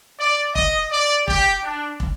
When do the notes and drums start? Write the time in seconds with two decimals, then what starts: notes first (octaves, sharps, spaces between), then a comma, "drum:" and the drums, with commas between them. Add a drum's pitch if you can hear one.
0.19 D5
0.55 D#5, drum: kick
0.92 D5
1.28 G4, drum: kick
1.63 D4
2.00 drum: kick